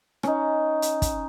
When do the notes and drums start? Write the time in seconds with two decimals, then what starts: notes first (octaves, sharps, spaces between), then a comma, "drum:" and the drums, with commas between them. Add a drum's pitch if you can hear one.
0.23 C#4 D#4, drum: rim click
0.82 drum: hi-hat
1.02 drum: kick, hi-hat